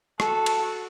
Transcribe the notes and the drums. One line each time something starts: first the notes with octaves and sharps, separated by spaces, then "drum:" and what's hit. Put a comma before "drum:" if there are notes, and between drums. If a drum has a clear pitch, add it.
F#4 A4 A5, drum: rim click
drum: cymbal